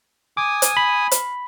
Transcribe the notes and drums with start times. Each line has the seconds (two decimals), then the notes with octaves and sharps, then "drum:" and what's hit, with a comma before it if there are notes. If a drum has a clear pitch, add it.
0.37 G#5 D6 D#6
0.62 drum: hi-hat
0.77 B5
1.11 drum: hi-hat